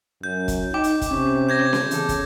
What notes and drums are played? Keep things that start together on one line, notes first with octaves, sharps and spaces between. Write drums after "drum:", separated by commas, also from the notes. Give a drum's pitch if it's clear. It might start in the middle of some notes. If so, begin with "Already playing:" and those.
F#2 G6
drum: kick, hi-hat
D#4 G5 D6
drum: hi-hat
drum: kick, hi-hat
C3 C#4
G6 G#6 A#6
drum: snare C#4
E2 C#3 A4, drum: hi-hat
drum: kick, hi-hat